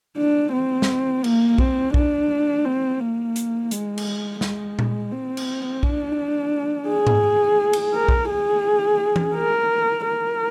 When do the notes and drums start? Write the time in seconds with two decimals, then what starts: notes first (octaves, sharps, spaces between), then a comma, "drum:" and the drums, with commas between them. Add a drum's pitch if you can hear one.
0.17 D4
0.53 C4
0.82 drum: snare
1.24 A#3, drum: cymbal
1.58 C4, drum: kick B1
1.94 D4, drum: kick B1
2.65 C4
3.00 A#3
3.36 drum: hi-hat
3.71 G#3, drum: hi-hat
3.98 drum: cymbal
4.41 G#3, drum: snare
4.79 drum: tom A#2
5.12 C4
5.37 drum: cymbal
5.83 D4, drum: kick B1
6.88 G#4
7.07 drum: tom G#2
7.73 drum: cymbal
7.94 A#4
8.08 drum: kick B1
8.29 G#4
9.16 drum: tom E3
9.35 A#4
10.07 A#4